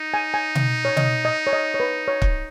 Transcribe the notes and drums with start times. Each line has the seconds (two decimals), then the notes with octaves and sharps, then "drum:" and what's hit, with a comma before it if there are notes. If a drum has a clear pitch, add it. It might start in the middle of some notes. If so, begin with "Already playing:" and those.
Already playing: D#4
0.14 G#5
0.34 G#5
0.55 drum: tom B2
0.85 C#5
0.97 D#5, drum: tom B2
1.25 D#5
1.47 C#5
1.53 D#5
1.74 C#5
1.80 B4
2.08 C#5
2.22 drum: kick